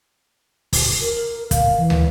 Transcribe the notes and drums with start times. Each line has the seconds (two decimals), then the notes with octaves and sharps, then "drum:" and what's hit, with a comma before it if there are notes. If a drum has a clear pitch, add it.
0.73 drum: kick, open hi-hat
1.01 A#4
1.51 F5, drum: kick, hi-hat
1.76 E3
1.90 drum: tom